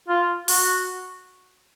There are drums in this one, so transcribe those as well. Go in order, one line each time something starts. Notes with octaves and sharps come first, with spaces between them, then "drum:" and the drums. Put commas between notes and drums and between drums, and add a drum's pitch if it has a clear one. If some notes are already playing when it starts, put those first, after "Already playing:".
F4
F#4, drum: open hi-hat